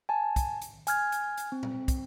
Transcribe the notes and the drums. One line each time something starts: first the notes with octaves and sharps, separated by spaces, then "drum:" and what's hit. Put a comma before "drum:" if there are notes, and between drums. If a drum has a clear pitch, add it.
G#5 A5
drum: kick, hi-hat
drum: hi-hat
G#5 F6 G#6, drum: hi-hat
drum: hi-hat
drum: hi-hat
C4
drum: tom A#2
drum: kick, hi-hat